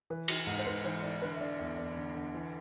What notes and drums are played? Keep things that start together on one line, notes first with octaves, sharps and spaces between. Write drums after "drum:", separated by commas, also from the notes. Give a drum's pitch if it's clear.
E3 B4
E3, drum: cymbal
G#2
C5
G#2 B4
E3 C5
E3 D5
D3 B4
E5
D3 D5
E2 E5
E2 D5
D3
D3
E3